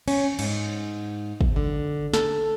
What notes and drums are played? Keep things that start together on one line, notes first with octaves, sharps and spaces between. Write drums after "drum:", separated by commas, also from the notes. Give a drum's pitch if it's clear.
C#4, drum: cymbal
G#2, drum: cymbal
drum: kick
D3
A4, drum: snare